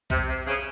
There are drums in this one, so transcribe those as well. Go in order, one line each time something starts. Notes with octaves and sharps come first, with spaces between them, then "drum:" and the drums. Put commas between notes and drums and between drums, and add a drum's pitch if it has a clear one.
C3, drum: kick B1, tambourine
C3
C#3